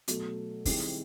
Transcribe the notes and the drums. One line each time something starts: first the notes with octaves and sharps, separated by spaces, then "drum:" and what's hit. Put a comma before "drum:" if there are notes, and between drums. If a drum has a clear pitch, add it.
B2 F#3 A3, drum: hi-hat
D#3 G3 C4 E4 G#4, drum: kick, open hi-hat